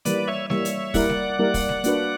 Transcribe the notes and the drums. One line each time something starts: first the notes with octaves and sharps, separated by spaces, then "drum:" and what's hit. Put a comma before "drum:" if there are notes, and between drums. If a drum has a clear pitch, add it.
E3 G3 A#3 B4 D5, drum: hi-hat
C#5 E5
E3 G3 A#3 C#5 E5, drum: snare G3
drum: hi-hat
G3 A#3 E4 A#4 D5 F#5, drum: kick, open hi-hat
drum: snare G3
G3 A#3 E4 A#4
drum: kick, open hi-hat
drum: snare G3
A#3 D4 F#4 B4, drum: hi-hat